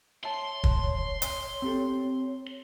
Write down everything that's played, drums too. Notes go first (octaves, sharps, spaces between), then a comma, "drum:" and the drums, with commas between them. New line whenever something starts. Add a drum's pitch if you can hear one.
C#5 E5 A5 C6
drum: kick
drum: hi-hat
C4 G4 A4